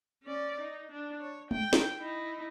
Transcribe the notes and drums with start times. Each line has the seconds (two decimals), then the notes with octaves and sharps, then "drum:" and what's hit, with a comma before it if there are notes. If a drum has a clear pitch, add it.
0.23 C#4 D5
0.60 D#4
0.91 D4
1.20 C#5
1.51 G5, drum: tom G#3
1.73 drum: snare
1.97 D#4 E4